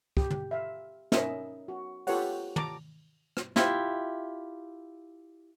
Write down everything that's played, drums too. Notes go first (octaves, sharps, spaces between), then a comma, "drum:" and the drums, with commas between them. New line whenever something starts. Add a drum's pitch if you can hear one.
G4, drum: kick
drum: tom
E5 F5
C#4 D#4 A#4 D#5 E5, drum: snare
F#4
F4 G4 A4 B4 C#5 F#5, drum: open hi-hat
A5 A#5 D6, drum: tom
drum: rim click
E4 F4 G4, drum: snare